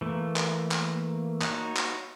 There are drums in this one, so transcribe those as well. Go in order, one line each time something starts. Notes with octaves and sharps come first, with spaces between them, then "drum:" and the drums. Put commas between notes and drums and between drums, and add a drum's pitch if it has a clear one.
E3 A3 A#3
drum: clap
drum: clap
D#4 F#4 C#5, drum: clap
drum: clap